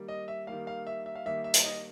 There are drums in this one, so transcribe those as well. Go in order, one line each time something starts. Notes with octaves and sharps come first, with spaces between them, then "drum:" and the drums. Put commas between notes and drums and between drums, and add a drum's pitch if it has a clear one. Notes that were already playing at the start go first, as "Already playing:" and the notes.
Already playing: D#3 G3 A#3
D#5
E5
D#3 G3 A#3 F5
F5
E5
E5
F5
D#3 G3 A#3 E5
E5
drum: hi-hat
D#5